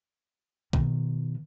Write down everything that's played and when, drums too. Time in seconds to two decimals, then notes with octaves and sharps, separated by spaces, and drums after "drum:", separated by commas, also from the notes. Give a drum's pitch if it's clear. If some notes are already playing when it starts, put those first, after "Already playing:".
0.73 B2 D#3, drum: kick